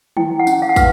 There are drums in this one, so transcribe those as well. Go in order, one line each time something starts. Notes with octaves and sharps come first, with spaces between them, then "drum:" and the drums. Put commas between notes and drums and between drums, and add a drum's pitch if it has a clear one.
E4 G5, drum: tom D#3
F#5
C#4, drum: tambourine
F5
F#5
B4 F5, drum: kick, tambourine